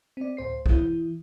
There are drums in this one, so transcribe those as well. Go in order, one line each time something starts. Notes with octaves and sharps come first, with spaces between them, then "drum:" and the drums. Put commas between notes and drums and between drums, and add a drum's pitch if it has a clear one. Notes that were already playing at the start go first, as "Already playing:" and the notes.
C4 D5
D2 A2 C5 C7
E3 E4, drum: kick